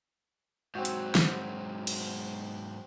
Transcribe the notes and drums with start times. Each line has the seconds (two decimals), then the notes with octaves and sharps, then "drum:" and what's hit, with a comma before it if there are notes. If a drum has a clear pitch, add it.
0.75 G#2 F#3 C4 F#4
0.85 drum: hi-hat
1.15 drum: snare
1.87 drum: cymbal